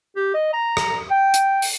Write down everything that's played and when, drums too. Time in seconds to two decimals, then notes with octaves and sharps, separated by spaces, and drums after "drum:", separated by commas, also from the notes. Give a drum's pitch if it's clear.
0.16 G4
0.34 D#5
0.53 A#5
0.77 drum: rim click
1.11 G5
1.34 drum: hi-hat
1.62 drum: open hi-hat